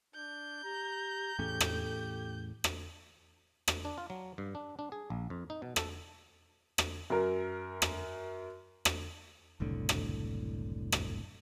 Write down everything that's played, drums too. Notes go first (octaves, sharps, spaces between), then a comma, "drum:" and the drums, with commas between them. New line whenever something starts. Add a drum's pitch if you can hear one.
D4 G6
G4 A#5
E2 A2 C#4 G4 A4
drum: rim click
drum: rim click
drum: rim click
D4
F4
F#3
G2
D4
D4
G#4
A#1
F2
D#4
B2
A4, drum: rim click
drum: rim click
F#2 A#4
drum: rim click
drum: rim click
F#1 C2 A2 D3
drum: rim click
drum: rim click